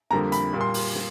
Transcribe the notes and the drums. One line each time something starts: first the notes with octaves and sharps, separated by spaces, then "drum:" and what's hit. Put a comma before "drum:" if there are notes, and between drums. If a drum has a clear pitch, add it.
F2 D3 G3 A#3 A#5
B5, drum: hi-hat
A#2 G3 A#3
C6
drum: open hi-hat
drum: snare